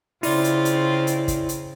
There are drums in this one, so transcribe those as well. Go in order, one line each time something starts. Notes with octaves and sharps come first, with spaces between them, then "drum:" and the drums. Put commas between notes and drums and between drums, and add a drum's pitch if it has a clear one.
C#3 C4 E4 F4 D5, drum: open hi-hat
drum: hi-hat
drum: hi-hat
drum: hi-hat
drum: kick, hi-hat
drum: hi-hat